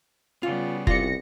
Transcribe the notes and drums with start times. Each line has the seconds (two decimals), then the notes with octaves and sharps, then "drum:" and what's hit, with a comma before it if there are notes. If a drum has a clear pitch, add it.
0.43 C#3 G3 B3 F4
0.87 C2 F4 D5 A#6 C#7, drum: kick F1